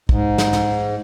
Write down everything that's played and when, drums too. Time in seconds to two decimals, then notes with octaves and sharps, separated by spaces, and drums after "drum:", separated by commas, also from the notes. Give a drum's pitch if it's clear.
0.09 G#2, drum: kick
0.38 drum: snare
0.53 drum: snare